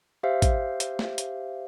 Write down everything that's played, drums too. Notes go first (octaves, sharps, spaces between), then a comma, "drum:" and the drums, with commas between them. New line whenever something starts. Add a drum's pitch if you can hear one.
G4 C5 E5 F5
drum: kick, hi-hat
drum: hi-hat
drum: snare
drum: hi-hat